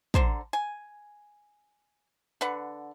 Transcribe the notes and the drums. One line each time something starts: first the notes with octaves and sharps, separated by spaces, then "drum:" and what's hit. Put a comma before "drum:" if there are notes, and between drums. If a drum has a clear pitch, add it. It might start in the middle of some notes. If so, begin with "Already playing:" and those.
D3 C5 A#5, drum: kick
G#5
D3 B4 F#5